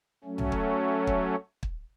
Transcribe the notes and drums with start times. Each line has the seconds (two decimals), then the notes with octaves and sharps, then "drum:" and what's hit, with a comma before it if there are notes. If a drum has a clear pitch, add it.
0.24 F#3 A3 C#4
0.38 drum: tom B1
0.52 drum: kick
1.07 drum: kick
1.63 drum: kick